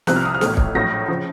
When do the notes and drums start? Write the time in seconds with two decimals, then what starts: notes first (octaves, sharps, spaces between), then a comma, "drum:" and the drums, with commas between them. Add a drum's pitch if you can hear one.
0.07 C2 C3 F3 F#6, drum: snare
0.16 F6
0.25 D#6
0.34 F6
0.41 A1 A2 A3, drum: snare
0.57 drum: kick
0.75 A#1 A2 F#3 A#6
1.08 C#3 F3